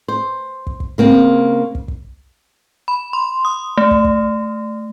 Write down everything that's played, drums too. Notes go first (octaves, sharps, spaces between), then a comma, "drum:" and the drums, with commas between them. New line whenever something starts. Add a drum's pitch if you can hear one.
C5
drum: kick
drum: kick
C#3 A#3 C4
drum: kick
drum: kick
B5
C6
D#6
A3
drum: kick
drum: kick